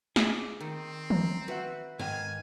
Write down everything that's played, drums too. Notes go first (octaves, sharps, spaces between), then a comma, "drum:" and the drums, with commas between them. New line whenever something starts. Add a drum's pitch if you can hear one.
G#4 D5, drum: snare
D#3 C4
A#5, drum: tom D#3
F#4 B4 E5 F#5
G#2 D#3 F5 G#5